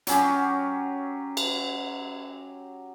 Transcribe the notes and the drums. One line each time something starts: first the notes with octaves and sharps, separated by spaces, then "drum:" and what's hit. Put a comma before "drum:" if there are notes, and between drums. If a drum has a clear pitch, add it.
F#3 C#4 G4, drum: hi-hat
drum: cymbal